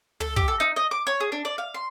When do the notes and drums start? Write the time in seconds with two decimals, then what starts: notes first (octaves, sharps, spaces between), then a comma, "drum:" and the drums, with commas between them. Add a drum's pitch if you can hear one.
0.20 A4, drum: tom
0.36 G4, drum: kick
0.48 A4
0.60 D#4
0.76 D#5
0.91 D6
1.07 C#5
1.20 G#4
1.32 D4
1.45 D5
1.58 F5
1.74 C6